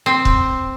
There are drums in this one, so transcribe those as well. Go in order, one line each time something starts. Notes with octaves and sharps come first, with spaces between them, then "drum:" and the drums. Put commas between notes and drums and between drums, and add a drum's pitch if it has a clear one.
C4
drum: kick C#1